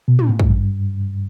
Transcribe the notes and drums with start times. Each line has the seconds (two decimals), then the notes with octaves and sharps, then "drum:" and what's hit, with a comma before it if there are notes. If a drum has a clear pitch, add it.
0.08 B2
0.19 A#2, drum: tom
0.29 A2
0.39 G#2, drum: kick
0.50 G2